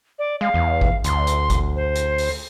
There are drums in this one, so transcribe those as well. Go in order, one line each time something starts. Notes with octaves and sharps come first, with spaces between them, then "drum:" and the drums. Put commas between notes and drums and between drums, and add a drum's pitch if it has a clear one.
D5
G#3 F5
E2
drum: kick G#1
D2 C6, drum: hi-hat
drum: hi-hat
drum: kick G#1, hi-hat
C5
drum: hi-hat
drum: open hi-hat